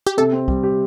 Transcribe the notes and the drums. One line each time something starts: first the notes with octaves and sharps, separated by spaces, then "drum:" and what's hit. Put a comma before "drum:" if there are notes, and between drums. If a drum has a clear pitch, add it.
G4
C3 A4
C4
G3, drum: kick
G4